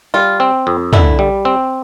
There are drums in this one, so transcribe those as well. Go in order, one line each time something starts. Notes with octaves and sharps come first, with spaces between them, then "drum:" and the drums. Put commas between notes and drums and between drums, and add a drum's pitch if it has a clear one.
G3 F4
C4
F2
D3 E4, drum: tom
G3
C4